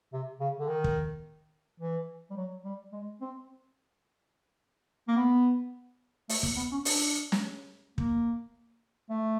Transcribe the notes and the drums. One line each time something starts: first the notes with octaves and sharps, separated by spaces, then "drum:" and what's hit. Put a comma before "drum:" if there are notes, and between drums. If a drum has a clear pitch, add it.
C3
C#3
D3
D#3
drum: kick
E3
G3
F#3
G3
G#3
C4
A#3
B3
A3, drum: open hi-hat
A#3, drum: kick
B3
C#4
D4, drum: open hi-hat
drum: snare
A#3, drum: kick
A3